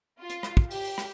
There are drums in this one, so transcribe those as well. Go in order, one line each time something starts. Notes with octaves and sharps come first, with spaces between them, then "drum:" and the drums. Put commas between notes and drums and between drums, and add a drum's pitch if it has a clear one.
F4
drum: hi-hat
drum: rim click
drum: kick
G4, drum: open hi-hat
drum: open hi-hat
drum: rim click